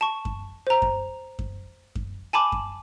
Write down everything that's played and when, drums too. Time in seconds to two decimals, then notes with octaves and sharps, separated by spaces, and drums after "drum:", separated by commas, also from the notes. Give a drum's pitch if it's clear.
0.01 A5 C#6
0.25 drum: kick F#2
0.67 C5 A#5
0.82 drum: kick F#2
1.39 drum: kick F#2
1.95 drum: kick F#2
2.33 G#5 A5 B5 D6
2.52 drum: kick F#2